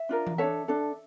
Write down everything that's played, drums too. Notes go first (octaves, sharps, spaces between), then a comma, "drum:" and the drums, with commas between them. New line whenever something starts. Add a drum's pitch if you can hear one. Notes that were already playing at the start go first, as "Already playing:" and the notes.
Already playing: E5
D4 F4 A#4
drum: tom E3
D4 A4 C#5 E5
D4 A4